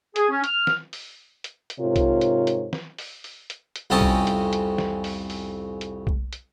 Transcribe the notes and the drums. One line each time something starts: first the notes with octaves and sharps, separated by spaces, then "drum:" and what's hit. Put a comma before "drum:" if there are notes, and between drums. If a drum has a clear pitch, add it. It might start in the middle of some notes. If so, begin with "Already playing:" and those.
G#4, drum: hi-hat
C#4
F6, drum: hi-hat
drum: snare
drum: open hi-hat
drum: hi-hat
drum: hi-hat
G#2 C3 F4 A#4 C#5
drum: kick B1, hi-hat
drum: hi-hat
drum: hi-hat
drum: snare
drum: open hi-hat
drum: open hi-hat
drum: hi-hat
drum: hi-hat
C2 F2 C4 C#4 A5 D#6
drum: kick B1
drum: hi-hat
drum: hi-hat
drum: snare
drum: open hi-hat
drum: open hi-hat
drum: hi-hat
drum: kick B1
drum: hi-hat